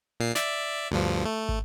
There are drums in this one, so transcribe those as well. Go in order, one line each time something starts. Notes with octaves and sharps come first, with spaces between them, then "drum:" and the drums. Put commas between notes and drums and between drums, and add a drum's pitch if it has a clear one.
A#2 C7
D5 E5, drum: snare
D2 G2 F3
A3
drum: kick